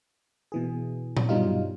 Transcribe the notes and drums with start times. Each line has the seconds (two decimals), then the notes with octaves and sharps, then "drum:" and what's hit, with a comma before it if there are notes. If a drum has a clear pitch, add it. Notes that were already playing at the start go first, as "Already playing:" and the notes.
0.52 B2 E3 G#4
1.17 drum: tom A#2
1.29 G2 B2 F#3 G3 D#4 F4